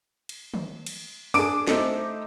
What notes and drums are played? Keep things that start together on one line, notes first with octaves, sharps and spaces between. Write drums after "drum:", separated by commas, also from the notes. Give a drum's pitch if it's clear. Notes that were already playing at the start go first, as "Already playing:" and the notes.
drum: cymbal
drum: tom
drum: cymbal
D4 G#4 D6 D7, drum: open hi-hat
A3 D#4 C5, drum: snare